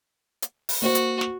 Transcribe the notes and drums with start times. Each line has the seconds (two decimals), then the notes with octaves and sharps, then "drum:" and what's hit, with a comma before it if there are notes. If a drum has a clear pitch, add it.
0.42 drum: hi-hat
0.69 drum: open hi-hat
0.82 A#3 F#4 C5
0.95 drum: hi-hat
1.21 drum: snare